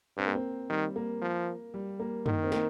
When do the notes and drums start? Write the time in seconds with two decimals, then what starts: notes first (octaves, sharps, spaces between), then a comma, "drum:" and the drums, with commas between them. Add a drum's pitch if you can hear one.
0.18 G2 C4
0.27 A#3
0.35 C4
0.70 D#3 G3
0.96 A#3
1.22 F3
1.74 G3
2.00 A#3
2.26 D#3 A#3, drum: tom F#2
2.44 C4
2.52 A#3, drum: snare